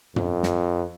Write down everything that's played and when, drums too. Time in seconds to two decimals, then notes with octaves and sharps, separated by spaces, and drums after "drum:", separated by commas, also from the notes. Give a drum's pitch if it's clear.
0.16 F2, drum: tom
0.43 drum: snare